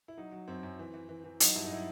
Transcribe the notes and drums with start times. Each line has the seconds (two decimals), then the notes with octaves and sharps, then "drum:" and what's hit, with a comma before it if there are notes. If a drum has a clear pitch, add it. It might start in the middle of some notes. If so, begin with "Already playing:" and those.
0.08 E4
0.17 F#3 D#4
0.32 F#3
0.48 F#2 C4
0.63 F#2
0.79 E3
0.94 E3
1.09 E3
1.24 E3
1.40 F#3 D#4, drum: hi-hat
1.55 G2 E4
1.65 D#4
1.70 F#3 E4